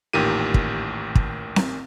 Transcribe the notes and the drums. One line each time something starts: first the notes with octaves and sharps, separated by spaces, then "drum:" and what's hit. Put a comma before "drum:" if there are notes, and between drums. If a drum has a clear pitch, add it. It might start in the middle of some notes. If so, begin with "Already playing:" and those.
A1 D#2 A#2 D#3 G4 D#7
drum: kick
drum: kick
drum: snare C4